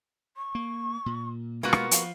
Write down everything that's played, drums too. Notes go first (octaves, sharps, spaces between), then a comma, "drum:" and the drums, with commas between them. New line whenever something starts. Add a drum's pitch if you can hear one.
C#6
A#3
A#2
B2 G#3 A#3 B3 F4 F#4
drum: rim click
F3 F5, drum: hi-hat